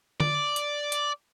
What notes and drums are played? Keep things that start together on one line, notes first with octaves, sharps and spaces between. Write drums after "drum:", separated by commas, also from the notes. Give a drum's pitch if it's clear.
D5, drum: tom D3
drum: hi-hat
drum: hi-hat